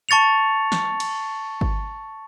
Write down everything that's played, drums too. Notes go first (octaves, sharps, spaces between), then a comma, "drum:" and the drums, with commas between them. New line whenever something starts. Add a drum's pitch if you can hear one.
A5 C#6 A6 C#7 F7
drum: snare
drum: cymbal
drum: kick G1